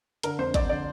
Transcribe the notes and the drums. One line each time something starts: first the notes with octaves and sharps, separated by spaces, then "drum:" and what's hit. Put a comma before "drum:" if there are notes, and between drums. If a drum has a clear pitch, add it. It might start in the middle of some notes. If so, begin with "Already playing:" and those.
D3 A#4, drum: hi-hat
F2 C5
F2 D5, drum: kick, hi-hat
D3 D5